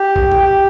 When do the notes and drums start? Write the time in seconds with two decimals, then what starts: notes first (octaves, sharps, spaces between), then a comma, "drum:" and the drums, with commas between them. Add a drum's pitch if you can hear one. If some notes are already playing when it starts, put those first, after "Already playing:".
Already playing: G4
0.16 drum: kick A#1
0.32 drum: tom
0.45 G4